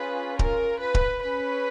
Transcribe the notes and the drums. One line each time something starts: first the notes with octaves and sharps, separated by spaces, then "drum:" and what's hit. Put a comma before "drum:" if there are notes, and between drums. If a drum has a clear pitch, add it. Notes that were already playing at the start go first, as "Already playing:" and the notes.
Already playing: C#4 F4 G#4 B4
A#4, drum: kick D1
B4
drum: kick D1
C#4 G#4 B4